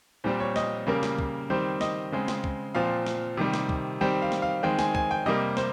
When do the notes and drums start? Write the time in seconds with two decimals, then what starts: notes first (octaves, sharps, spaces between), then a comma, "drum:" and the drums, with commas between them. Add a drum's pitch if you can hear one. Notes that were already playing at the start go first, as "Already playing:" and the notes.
0.24 A#2 G3 C4 C5
0.40 C#5
0.56 D#5, drum: snare
0.87 C#3 G3 A#3 A#4
1.03 drum: snare
1.18 drum: kick
1.50 D#3 G3 C4 C5
1.81 D#5, drum: snare
2.12 C#3 G#3 C4
2.28 drum: snare
2.44 drum: kick
2.75 A#2 F3 C4 F5
3.06 drum: snare
3.37 C3 D#3 G3
3.53 drum: snare
3.69 drum: kick
4.01 D#3 G3 C4 G5
4.22 F5
4.32 drum: snare
4.42 F5
4.63 D#3 G#3 C4 G5
4.79 G#5, drum: snare
4.95 G#5, drum: kick
5.11 G5
5.26 C3 G3 A#3 D#5
5.57 C5, drum: snare